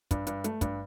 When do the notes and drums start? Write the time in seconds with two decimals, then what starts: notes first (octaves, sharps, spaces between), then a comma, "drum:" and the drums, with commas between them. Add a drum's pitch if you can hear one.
0.11 G2, drum: kick, hi-hat
0.27 G2, drum: hi-hat
0.44 A3, drum: hi-hat
0.61 G2, drum: kick, hi-hat